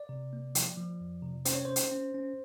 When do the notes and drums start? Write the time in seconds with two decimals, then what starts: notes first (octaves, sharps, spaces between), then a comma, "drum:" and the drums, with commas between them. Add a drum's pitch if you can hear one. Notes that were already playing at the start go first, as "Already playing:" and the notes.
Already playing: D5
0.09 C3
0.33 A#3
0.55 F3, drum: hi-hat
0.77 F3
1.01 F2
1.22 C3
1.45 C#4 C5, drum: hi-hat
1.55 C#5
1.65 C#4 C5
1.76 drum: hi-hat
1.92 C#4
2.14 C#4